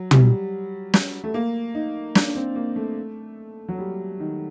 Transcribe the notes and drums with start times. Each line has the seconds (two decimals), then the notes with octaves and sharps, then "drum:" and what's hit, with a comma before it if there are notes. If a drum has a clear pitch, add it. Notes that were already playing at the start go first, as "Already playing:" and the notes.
Already playing: F#3
0.11 G3, drum: tom
0.94 drum: snare
1.24 A3
1.34 A#3
1.75 D#4
2.15 D4, drum: snare
2.35 C4
2.55 A#3
2.76 A3
3.68 F#3
3.78 G3
4.20 D#3